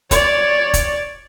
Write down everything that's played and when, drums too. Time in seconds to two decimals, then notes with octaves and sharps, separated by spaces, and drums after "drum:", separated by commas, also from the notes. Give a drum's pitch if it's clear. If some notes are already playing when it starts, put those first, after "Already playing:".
0.11 C#5 D5, drum: kick, hi-hat
0.74 drum: kick, hi-hat